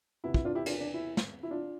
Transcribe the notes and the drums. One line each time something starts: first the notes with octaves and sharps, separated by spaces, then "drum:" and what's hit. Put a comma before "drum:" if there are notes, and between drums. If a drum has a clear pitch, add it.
E2 C3 E3 B3 E4
E4, drum: kick
D4 F4
E4 G4
D4 F4, drum: cymbal
D4
E4
drum: snare
E4
D4 F4